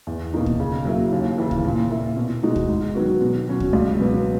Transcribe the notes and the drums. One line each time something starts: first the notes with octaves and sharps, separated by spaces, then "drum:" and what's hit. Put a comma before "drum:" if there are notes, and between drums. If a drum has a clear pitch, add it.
E2
B2 A#3 D#4
drum: kick
C#3
F#3 A#3 E4
D#2
C#3 E3
drum: kick
A#2
A#3 E4
B2
G#3 D#4 F#4
drum: kick
G#2
D#3 F#3 B3 F#4
B2
F#3 C#4 F#4
drum: kick
C#2
B2 F#3 B3